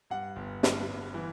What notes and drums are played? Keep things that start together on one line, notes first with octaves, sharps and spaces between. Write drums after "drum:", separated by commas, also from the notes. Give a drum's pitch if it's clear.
G2 F#5
G1
G2, drum: snare
G2
E3